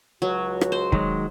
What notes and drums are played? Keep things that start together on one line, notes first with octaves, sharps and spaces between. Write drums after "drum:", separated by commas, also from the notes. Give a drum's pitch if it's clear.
C#2 F#3 F#4
drum: rim click
C5
D#3 F#3 G#3, drum: kick